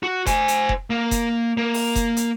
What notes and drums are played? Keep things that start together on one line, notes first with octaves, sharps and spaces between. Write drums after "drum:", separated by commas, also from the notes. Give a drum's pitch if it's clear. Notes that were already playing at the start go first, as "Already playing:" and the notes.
F#4
C5 G#5, drum: kick F1, hi-hat
drum: hi-hat
drum: kick F1
A#3
drum: kick F1, hi-hat
A#3
drum: open hi-hat
drum: kick F1, hi-hat
drum: hi-hat